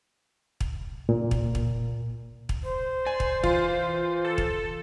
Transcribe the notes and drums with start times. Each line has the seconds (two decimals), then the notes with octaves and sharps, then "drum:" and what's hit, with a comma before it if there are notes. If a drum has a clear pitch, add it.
0.60 drum: kick
1.09 A#2
1.31 drum: kick
1.55 drum: kick
2.49 drum: kick
2.63 C5
3.07 D5 G#5
3.20 drum: kick
3.43 E3 F4, drum: kick
4.25 A4
4.38 drum: kick